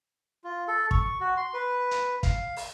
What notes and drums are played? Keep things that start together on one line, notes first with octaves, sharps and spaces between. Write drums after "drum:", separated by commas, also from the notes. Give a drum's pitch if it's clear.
F4
A4
C#6, drum: kick
F#4
C6
B4
drum: hi-hat
F5, drum: kick, hi-hat
drum: open hi-hat